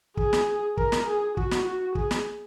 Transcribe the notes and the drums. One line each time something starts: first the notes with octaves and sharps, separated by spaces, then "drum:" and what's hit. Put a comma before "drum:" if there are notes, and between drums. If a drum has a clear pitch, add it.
G#4, drum: kick
drum: snare
A#4, drum: kick
drum: snare
G#4
F#4, drum: kick
drum: snare
F#4
G#4, drum: kick
drum: snare